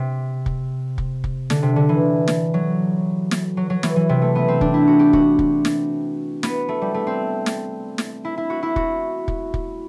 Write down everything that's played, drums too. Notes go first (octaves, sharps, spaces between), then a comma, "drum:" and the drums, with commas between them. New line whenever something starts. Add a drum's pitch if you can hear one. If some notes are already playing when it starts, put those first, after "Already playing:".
Already playing: C3
drum: kick
drum: kick
drum: kick
D3, drum: snare
C3
D3
E3
drum: snare
F#3
drum: snare
F#3
F#3
E3, drum: snare
E3
C3
A3
B3
C4
D4, drum: kick
E4
F#4
G4
F#4, drum: kick
drum: kick
drum: snare
B3, drum: snare
A3
G3
A3
C4
drum: snare
drum: snare
E4
E4
F#4
E4
F#4, drum: kick
drum: kick
drum: kick